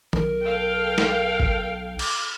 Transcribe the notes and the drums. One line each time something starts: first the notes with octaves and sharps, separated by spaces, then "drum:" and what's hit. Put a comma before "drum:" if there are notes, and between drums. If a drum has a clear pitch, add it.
B1 A#4, drum: tom
A4 F5 G5
drum: snare
drum: kick G1
D6, drum: cymbal